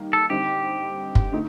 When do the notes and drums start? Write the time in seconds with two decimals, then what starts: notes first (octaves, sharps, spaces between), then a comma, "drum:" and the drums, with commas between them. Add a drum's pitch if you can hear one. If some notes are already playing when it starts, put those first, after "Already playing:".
Already playing: D#3 G3 A#3
0.13 A4
0.30 D3 G3 C4 D#4 G4
1.15 drum: kick
1.32 D3 A3 D#4